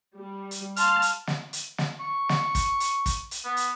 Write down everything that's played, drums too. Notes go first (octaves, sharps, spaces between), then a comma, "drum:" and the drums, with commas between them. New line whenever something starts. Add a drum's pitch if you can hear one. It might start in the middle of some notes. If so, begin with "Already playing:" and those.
G3
drum: hi-hat
F5 A5 C6 F6, drum: hi-hat
drum: hi-hat
drum: snare
drum: hi-hat
drum: snare
C#6
drum: snare
drum: kick, hi-hat
drum: hi-hat
drum: kick, hi-hat
drum: hi-hat
B3
drum: hi-hat